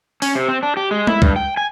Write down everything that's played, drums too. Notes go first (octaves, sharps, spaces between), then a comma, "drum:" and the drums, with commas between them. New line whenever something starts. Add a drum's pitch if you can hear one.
C#4, drum: open hi-hat
C3
C4
D4
G4
G#3
E4, drum: tom G#3
G2, drum: kick C2
G5
G#5